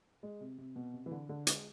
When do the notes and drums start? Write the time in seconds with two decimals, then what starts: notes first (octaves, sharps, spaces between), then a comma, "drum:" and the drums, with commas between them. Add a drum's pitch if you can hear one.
0.23 G#3
0.41 C3
0.58 C3
0.76 B2
0.94 C3
1.06 E3
1.11 D3
1.29 D3
1.47 G#3, drum: hi-hat